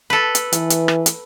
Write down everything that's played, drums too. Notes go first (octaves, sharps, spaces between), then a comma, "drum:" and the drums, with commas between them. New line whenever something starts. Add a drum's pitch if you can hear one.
A4 B4
drum: hi-hat
E3, drum: hi-hat
drum: hi-hat
drum: rim click
drum: hi-hat